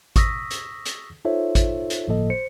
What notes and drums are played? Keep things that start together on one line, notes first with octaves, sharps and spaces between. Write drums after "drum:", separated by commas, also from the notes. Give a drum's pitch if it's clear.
C#6 D#6 E6 A#6 B6, drum: kick G#1, hi-hat
drum: hi-hat
drum: hi-hat
D#4 F4 A4 C5 C#5 E5
drum: kick G#1, hi-hat
drum: hi-hat
G1 A2 F3 A#3 A4 D#5
C5 C#7